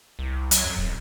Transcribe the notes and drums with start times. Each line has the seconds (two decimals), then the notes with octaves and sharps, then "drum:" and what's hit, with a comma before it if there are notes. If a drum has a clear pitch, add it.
0.19 C2
0.51 F#3, drum: hi-hat
0.65 F2
0.78 D#1